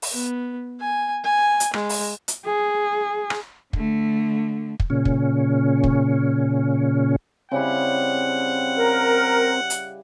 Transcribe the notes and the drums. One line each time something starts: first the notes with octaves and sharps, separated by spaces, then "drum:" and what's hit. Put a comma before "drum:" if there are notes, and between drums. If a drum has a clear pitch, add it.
drum: open hi-hat
B3
G#5
G#5
drum: hi-hat
G#3, drum: rim click
drum: open hi-hat
drum: hi-hat
G#4
drum: rim click
D3 A3, drum: kick
drum: kick
A#2 C#3 C#4
drum: kick
drum: kick
C#3 G3 C4 E4 F#5
A#4
drum: hi-hat